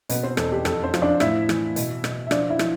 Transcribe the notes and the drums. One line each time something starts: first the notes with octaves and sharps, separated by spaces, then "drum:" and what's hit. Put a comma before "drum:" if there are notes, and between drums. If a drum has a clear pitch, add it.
B2 B3 B4, drum: hi-hat
C4 C5
E2 A4, drum: rim click
G4
F2 A4, drum: rim click
C4 C5
F3, drum: rim click
D4 D5
A2 E4 E5, drum: rim click
E3, drum: rim click
B2, drum: hi-hat
B2, drum: rim click
E5
F3 D4 D5, drum: rim click
E4 E5
F3, drum: rim click